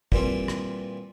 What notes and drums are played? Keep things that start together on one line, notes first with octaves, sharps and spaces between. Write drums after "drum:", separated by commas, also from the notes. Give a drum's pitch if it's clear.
A#2 E3 G3 C4, drum: kick
drum: rim click